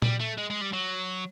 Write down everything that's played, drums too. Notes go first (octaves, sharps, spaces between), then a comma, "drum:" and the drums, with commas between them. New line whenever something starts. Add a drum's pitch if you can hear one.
G3, drum: tom A#2
A3
G#3
G#3
G3
F#3